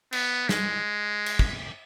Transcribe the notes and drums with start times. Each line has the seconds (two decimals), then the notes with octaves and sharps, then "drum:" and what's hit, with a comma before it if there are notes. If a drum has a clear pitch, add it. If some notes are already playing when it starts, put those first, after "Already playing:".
0.13 B3, drum: cymbal
0.49 G#3, drum: snare
1.26 drum: cymbal
1.39 drum: kick